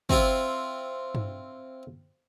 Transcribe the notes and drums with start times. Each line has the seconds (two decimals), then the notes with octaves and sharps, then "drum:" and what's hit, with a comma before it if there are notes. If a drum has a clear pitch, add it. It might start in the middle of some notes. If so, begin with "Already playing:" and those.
0.09 C4 E4 F4, drum: kick
1.15 drum: tom G2